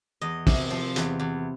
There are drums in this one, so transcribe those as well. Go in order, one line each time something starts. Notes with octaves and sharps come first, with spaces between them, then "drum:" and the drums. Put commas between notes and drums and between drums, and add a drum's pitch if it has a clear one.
E2 D#5
C3, drum: kick, open hi-hat
F3
E2, drum: hi-hat
E2